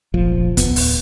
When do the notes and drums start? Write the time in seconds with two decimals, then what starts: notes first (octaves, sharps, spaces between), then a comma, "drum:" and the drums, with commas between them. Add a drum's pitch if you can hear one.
0.14 F1 A#1 F3
0.57 D1 F2 B3, drum: kick, hi-hat
0.76 drum: open hi-hat